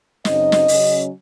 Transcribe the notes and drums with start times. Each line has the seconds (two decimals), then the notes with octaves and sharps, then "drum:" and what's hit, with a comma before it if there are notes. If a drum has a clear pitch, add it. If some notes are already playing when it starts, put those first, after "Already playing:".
0.25 F#2 C#3 F#3 C4 D#4 D#5, drum: snare
0.52 drum: snare
0.68 C#3 F#3 C#4, drum: open hi-hat